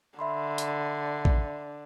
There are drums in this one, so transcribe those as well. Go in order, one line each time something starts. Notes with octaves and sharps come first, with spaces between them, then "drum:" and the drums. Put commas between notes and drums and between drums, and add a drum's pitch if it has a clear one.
D3 E5 B5 C6
drum: hi-hat
drum: kick